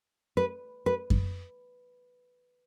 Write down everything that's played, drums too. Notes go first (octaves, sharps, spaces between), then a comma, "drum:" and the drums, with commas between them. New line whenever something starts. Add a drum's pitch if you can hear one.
B4
B4
drum: kick F#2